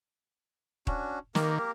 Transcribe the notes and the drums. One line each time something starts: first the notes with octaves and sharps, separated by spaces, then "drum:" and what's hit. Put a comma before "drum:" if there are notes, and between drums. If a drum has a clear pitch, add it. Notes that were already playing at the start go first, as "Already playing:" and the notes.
C#4 D4 F#4, drum: kick D#1
D#3 A#3 G4 A#4, drum: snare